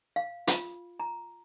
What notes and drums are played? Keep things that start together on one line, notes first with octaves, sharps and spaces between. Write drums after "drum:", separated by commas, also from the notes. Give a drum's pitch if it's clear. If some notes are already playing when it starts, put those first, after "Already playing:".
F5
F4, drum: hi-hat
A#5